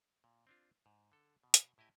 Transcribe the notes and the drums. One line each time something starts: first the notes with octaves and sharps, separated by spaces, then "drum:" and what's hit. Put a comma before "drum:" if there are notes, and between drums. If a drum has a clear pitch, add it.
A#2
C4 D4 F4
G#2
D3 A4
B2
drum: hi-hat
A2 E4 G4 D#5 G#5